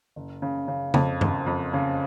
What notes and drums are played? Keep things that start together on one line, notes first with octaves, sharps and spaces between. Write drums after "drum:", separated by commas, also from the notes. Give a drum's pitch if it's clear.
F#1
C#3
C#3
F2, drum: tom
F#1, drum: tom G2
F2
C#3